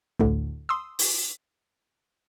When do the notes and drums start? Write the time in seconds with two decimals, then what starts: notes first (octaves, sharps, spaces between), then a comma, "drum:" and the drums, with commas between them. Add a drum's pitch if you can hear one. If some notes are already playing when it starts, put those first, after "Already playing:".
0.20 D2 A2 D3, drum: kick
0.69 C6 D#6 E6
0.99 drum: open hi-hat